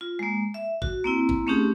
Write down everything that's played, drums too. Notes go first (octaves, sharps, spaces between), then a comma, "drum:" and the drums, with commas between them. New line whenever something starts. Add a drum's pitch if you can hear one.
F4
G#3 A#3
E5
F#4, drum: kick
A#3 C4 E4
drum: kick
A3 C4 C#4 D#4 G4 G#4